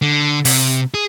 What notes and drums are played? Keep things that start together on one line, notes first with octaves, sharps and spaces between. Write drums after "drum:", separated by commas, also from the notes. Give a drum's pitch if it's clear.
D3
C3, drum: open hi-hat
G#4